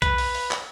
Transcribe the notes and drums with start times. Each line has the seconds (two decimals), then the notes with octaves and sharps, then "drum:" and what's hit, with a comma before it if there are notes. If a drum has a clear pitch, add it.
0.02 B4, drum: kick B1, hi-hat
0.18 drum: open hi-hat
0.35 drum: open hi-hat
0.51 drum: clap